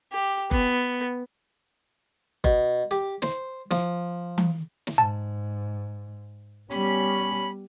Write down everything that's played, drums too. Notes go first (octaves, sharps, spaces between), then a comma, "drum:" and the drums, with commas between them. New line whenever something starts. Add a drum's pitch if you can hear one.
G4
B3, drum: kick F#1
B2, drum: kick F#1
G4, drum: hi-hat
C5, drum: snare
F3, drum: snare
drum: tom E3
drum: snare
G#2 A5
G3 B3 C#4 B5, drum: hi-hat